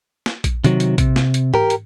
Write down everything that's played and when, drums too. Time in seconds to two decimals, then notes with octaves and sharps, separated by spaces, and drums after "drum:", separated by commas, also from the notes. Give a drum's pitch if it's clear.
0.26 drum: snare
0.44 drum: kick A#1, hi-hat
0.64 C3 D#3 F#3, drum: hi-hat
0.80 drum: hi-hat
0.98 C3, drum: kick A#1, hi-hat
1.16 drum: snare
1.34 drum: hi-hat
1.54 G4 A#4, drum: tom G#2
1.70 drum: hi-hat